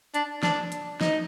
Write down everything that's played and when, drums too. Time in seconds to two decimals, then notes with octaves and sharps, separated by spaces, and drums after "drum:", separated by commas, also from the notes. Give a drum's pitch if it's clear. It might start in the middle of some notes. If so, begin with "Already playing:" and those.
0.14 D4, drum: hi-hat
0.43 D4, drum: snare
0.72 drum: hi-hat
1.01 D#4, drum: snare